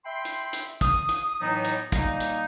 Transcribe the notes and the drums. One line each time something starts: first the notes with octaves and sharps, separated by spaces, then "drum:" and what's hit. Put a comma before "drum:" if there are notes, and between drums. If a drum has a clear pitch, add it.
E5 G5 B5 C6
drum: hi-hat
drum: hi-hat
D#6, drum: kick, hi-hat
drum: hi-hat
A2 E3 F#3 B3 D#4
drum: hi-hat
A#2 G3 A#3 D#4, drum: kick, hi-hat
drum: hi-hat